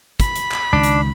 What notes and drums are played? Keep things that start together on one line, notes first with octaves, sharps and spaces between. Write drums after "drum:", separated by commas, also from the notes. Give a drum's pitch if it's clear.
B5, drum: kick, hi-hat
drum: hi-hat
drum: clap
C#2 D#3 D4
drum: hi-hat